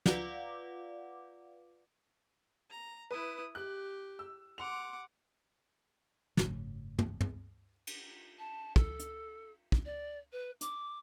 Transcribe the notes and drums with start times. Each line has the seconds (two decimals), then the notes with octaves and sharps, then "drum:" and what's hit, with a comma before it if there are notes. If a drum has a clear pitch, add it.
0.06 F4 B4 D5 F5 F#5 D6, drum: snare
2.70 A#5
3.11 E4 B4 D#6
3.55 G4 F#6
4.19 E6
4.58 F#5 C6 D6 F7
6.37 F#1 G#2 C#3 A3, drum: snare
6.99 drum: tom
7.21 drum: tom
7.87 drum: cymbal
8.39 A5
8.76 A4, drum: kick
9.00 drum: hi-hat
9.72 drum: kick
9.85 D5
10.32 B4
10.61 D6, drum: hi-hat